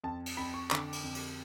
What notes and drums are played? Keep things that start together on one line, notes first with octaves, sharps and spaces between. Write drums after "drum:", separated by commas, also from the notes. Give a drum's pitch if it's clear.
F2 A5
drum: cymbal
F2 B5
C#6
D3 D6, drum: clap
drum: cymbal
F2
drum: cymbal